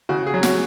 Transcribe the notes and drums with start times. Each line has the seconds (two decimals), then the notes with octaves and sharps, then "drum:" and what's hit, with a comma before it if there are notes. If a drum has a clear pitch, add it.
0.09 C#3 F#4
0.26 G#4
0.34 F#3
0.43 F#4, drum: snare